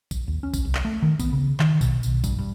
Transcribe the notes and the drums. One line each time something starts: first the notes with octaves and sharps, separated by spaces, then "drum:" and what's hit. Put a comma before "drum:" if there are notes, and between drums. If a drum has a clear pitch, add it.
drum: kick A#1, tambourine
D#2
C#4
drum: kick A#1, tambourine
C2
drum: clap
A3
D#3
B3, drum: kick A#1, tambourine
C#3
D#3, drum: clap
B2, drum: kick A#1, tambourine
B1, drum: tambourine
G2, drum: kick A#1, tambourine
G2